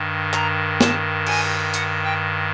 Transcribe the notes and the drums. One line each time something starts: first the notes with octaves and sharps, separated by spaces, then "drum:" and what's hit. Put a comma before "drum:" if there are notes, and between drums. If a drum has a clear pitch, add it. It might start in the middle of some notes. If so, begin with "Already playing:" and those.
Already playing: G2 D#3
A#5, drum: clap
A5, drum: snare
G#5, drum: cymbal
F#5, drum: hi-hat
G5